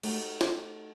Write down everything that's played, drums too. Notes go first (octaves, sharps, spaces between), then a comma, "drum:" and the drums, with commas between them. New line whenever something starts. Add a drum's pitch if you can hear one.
A3 D#4 F#4 G4, drum: cymbal
drum: snare